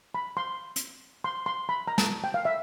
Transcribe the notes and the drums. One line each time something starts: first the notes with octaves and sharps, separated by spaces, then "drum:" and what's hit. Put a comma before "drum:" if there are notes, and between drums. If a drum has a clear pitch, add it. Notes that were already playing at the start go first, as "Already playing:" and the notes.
B5
C6
drum: hi-hat
C6
C6
B5
A#5
A5, drum: snare
G5
F5
E5